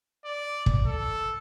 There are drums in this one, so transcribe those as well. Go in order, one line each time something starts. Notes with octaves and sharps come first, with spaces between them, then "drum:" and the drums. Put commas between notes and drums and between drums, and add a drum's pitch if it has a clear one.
D5
drum: kick
A4